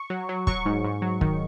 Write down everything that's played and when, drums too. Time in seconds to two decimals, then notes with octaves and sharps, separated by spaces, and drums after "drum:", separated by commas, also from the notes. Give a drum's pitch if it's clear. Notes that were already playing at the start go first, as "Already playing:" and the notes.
Already playing: C#6
0.10 F#3
0.29 F#3
0.47 F#3 C#6, drum: kick
0.66 G#2
0.84 G#2
1.02 F#3
1.21 D#3, drum: kick